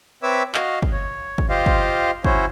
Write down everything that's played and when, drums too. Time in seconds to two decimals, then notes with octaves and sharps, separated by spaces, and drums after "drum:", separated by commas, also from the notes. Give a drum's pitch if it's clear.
0.23 C4 B4 C#5 E5 D6 E6
0.55 F#4 D#5 F5, drum: clap
0.82 drum: kick
0.92 C#5
1.38 drum: kick
1.49 F4 G4 C5 D#5 F5
1.66 drum: kick
2.25 C#4 E4 F#4 C5 C#5, drum: kick